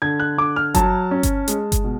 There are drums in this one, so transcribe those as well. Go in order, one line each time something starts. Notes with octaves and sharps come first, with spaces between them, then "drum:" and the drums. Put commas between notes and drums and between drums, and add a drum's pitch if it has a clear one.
D3 G#6
F#6
D3 D6
F6
F#3 A5, drum: kick G1, hi-hat
C#4
drum: kick G1, hi-hat
G#3, drum: hi-hat
drum: kick G1, hi-hat
B2